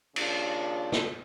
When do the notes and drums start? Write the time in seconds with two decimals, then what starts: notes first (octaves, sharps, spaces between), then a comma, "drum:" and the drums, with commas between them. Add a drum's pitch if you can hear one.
0.16 D#2 C#3 D4 F4, drum: cymbal
0.92 drum: snare